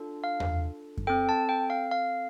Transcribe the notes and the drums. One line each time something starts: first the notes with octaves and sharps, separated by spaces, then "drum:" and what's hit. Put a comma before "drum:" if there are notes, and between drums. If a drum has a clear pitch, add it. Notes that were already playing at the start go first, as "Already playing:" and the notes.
Already playing: D4 F4 A4
F5
drum: tom E2
drum: kick F#2
C4 A4 G5
A5
G5
F5
F5